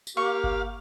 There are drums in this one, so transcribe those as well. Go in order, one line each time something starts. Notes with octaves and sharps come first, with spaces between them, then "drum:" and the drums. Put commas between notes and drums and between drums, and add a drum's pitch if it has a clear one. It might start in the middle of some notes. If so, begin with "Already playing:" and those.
drum: tambourine
A#3 G4 F5 C#6
drum: kick G1